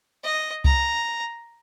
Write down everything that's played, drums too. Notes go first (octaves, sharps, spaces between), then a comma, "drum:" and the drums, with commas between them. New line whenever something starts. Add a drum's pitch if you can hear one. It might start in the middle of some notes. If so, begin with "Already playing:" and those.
D#5
A#5, drum: kick C2